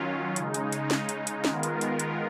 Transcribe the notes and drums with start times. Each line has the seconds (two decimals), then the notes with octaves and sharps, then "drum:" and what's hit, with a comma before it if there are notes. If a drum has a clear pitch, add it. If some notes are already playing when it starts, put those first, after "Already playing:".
Already playing: D#3 F#3 C#4 F4
0.36 C#3 G#3 D#4, drum: hi-hat
0.54 drum: hi-hat
0.72 drum: hi-hat
0.91 drum: snare
1.09 drum: hi-hat
1.27 drum: hi-hat
1.44 D#3 G#3 B3 F4 A#4, drum: snare
1.63 drum: hi-hat
1.81 drum: hi-hat
2.00 drum: hi-hat